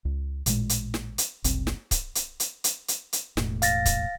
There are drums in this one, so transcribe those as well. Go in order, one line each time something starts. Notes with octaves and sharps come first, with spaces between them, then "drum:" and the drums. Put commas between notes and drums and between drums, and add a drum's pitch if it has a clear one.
C#2
A1 A#2 G#3, drum: hi-hat
drum: hi-hat
drum: snare
drum: hi-hat
F#1 C2 C4, drum: hi-hat
drum: snare
drum: kick C#1, hi-hat
drum: hi-hat
drum: hi-hat
drum: hi-hat
drum: hi-hat
drum: hi-hat
E1 A2, drum: snare
F5 A6 A#6, drum: hi-hat
drum: kick C#1, hi-hat